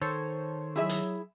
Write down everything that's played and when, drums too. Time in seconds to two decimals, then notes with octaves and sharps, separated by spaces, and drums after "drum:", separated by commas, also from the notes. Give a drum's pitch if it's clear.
0.01 D#3 A4 C5 C#5
0.76 F#3 E4 G#4 E5
0.89 drum: hi-hat